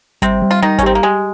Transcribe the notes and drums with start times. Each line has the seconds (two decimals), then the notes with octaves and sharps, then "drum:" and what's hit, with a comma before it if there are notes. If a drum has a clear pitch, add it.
0.22 C3 G3 C4, drum: kick G#1, hi-hat
0.42 G3
0.51 F4
0.62 D#3 G3 D#4
0.79 C#4, drum: kick G#1, hi-hat
0.83 C4 G4
0.95 A#3
1.03 G#3 G4